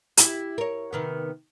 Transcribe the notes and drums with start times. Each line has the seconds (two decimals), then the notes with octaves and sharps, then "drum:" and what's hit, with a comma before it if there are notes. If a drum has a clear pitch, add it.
0.17 E4 G4, drum: hi-hat
0.58 A#4 C#5
0.93 C3 D#3 B3